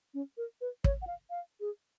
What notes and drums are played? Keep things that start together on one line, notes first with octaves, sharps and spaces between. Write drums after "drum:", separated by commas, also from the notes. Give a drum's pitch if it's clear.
C#4
A#4
B4
C#5, drum: kick
F#5
F5
F5
G#4